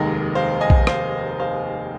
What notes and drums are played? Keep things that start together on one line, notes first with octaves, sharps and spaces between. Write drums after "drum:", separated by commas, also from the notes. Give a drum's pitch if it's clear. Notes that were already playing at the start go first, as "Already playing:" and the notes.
Already playing: F1 D#2 D#3 G#3 A#4 D#5
C5 F5
D#5 G#5
drum: kick A#1
C5 F5, drum: rim click
C5 F5